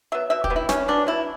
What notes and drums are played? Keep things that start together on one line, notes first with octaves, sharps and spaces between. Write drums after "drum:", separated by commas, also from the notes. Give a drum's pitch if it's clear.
F#3 B3 E5
B2 E5
G4, drum: kick
F#3 B3
E4
B2 C#4, drum: snare
F#3 B3 D4
B2 E4